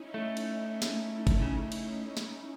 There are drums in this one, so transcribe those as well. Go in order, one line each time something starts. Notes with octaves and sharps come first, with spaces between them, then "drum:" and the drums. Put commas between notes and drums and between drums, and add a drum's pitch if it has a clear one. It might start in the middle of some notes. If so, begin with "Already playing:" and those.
Already playing: C#4 D#4 E4
A3
drum: cymbal
drum: snare
drum: kick G1, cymbal
C#3
drum: cymbal
drum: snare